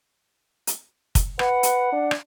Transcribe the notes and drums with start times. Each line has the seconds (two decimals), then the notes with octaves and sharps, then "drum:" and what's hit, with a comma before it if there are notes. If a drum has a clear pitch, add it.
0.67 drum: hi-hat
1.15 drum: kick, hi-hat
1.39 B4 F#5, drum: rim click
1.63 drum: hi-hat
1.93 D4
2.11 drum: rim click